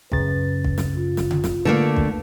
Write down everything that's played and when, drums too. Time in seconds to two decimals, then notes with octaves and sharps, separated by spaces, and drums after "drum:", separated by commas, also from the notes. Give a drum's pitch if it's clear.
0.12 F#2 C#3 B4 A6, drum: kick
0.64 drum: kick
0.78 drum: snare
0.97 F4
1.17 drum: snare
1.30 drum: tom C#3
1.44 drum: snare
1.65 D3 A3 A#3 B4
1.96 drum: kick